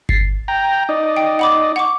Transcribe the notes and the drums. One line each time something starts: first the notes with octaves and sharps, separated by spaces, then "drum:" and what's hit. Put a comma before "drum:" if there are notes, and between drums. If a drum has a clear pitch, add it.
A6 C7, drum: kick G1
G5 A#5
D#4 D5 D#5
G5
F#5 B5 D6
F#5 C#6 D6